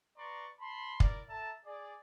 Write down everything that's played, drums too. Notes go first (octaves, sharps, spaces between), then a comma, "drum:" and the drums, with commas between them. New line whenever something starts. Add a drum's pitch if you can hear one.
B4 D5 A#5 C6 C#6
A5 B5 C6
E4 A#4 D5, drum: kick
A4 E5 A5 A#5
G#4 D5